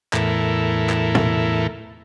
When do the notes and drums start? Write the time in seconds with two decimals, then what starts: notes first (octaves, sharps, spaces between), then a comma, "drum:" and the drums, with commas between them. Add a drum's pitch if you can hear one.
0.13 E2 A2 E4 A4 A#4, drum: clap
0.89 drum: clap
1.15 drum: tom